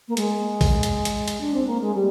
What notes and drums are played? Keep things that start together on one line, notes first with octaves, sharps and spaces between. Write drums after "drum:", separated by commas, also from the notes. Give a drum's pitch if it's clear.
A#3
G#3, drum: hi-hat
drum: kick A#1, open hi-hat
drum: hi-hat
drum: hi-hat
drum: hi-hat
D4
C4
A#3
G#3
G3